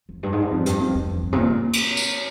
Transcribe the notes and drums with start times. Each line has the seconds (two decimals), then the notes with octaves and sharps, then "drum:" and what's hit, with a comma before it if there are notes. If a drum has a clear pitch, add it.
0.09 F2
0.23 G2
0.32 G#2
0.42 G2
0.51 F2
0.66 G2, drum: hi-hat
0.80 F2
0.95 F2
1.09 F2
1.23 G2
1.33 C3
1.38 A#2
1.73 drum: cymbal
1.97 drum: tambourine